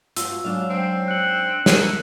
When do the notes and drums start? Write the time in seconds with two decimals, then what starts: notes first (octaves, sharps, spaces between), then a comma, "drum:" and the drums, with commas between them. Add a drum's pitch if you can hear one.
0.17 G2 F4 F#4 E6, drum: hi-hat
0.44 G#2 F#3 D4 F5
0.70 C4
1.08 F#6 C#7 F#7
1.66 A4 A#4, drum: snare